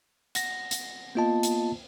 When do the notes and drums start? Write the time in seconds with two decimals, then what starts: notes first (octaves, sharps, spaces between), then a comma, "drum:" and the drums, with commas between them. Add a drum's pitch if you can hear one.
0.35 F#5 A#6, drum: hi-hat
0.71 drum: hi-hat
1.15 A#3 B3 F4 D#5 A5
1.43 drum: hi-hat